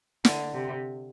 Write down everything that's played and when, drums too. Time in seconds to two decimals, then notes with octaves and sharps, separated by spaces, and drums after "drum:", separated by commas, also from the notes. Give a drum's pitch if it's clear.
0.25 D3, drum: snare
0.54 C3